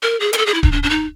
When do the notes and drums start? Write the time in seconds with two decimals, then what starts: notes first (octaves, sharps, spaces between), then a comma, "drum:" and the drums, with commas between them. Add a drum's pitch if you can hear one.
0.03 A#4
0.20 G#4
0.33 A#4, drum: hi-hat
0.38 A4
0.46 G#4
0.54 E4
0.63 D#4, drum: kick D1
0.72 D4
0.83 D4
0.90 D#4